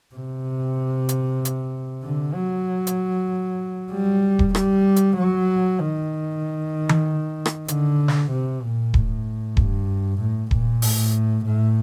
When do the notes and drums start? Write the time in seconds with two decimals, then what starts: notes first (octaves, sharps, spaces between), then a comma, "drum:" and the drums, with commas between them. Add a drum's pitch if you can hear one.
0.15 C3
1.09 drum: hi-hat
1.45 drum: hi-hat
2.03 D3
2.35 F#3
2.87 drum: hi-hat
3.92 G3
4.39 drum: kick D#1
4.55 G3, drum: rim click
4.96 drum: hi-hat
5.17 F#3
5.80 D#3
6.89 drum: tom D#3
7.46 drum: rim click
7.68 D3, drum: hi-hat
8.08 drum: snare
8.31 C3
8.62 A#2
8.94 A2, drum: kick D#1
9.57 G2, drum: kick D#1
10.20 A2
10.51 A#2, drum: kick D#1
10.82 A2, drum: open hi-hat
11.45 A2